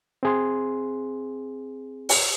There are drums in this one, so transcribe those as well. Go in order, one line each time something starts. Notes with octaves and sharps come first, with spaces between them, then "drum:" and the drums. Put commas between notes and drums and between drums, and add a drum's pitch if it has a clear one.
C4 G#4 C6
drum: open hi-hat